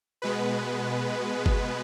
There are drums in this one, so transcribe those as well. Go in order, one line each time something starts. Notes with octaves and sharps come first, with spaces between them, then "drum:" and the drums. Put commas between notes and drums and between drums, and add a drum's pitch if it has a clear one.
B2 G#3 B3 B4
drum: kick G1